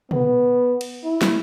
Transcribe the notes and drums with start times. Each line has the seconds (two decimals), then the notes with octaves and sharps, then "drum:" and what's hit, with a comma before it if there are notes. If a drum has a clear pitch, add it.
0.11 B3, drum: tom
0.81 drum: cymbal
1.04 E4
1.22 drum: snare